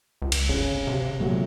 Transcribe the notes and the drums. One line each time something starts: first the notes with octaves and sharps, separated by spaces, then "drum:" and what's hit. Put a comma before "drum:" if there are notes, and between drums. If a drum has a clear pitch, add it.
C#2
drum: cymbal
G1 C#3
C3
A#2 F#3 A3